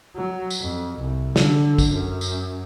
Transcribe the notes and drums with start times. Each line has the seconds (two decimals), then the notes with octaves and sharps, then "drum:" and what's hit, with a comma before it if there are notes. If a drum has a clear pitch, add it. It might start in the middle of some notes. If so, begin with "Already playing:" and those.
0.16 F#3
0.50 drum: tambourine
0.61 F2
0.99 C2
1.36 D3, drum: snare
1.78 drum: kick, tambourine
1.92 F#2
2.21 drum: tambourine